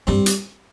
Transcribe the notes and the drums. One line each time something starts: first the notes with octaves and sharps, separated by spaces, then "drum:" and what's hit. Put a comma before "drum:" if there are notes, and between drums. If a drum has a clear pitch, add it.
G2 G3 C4
drum: hi-hat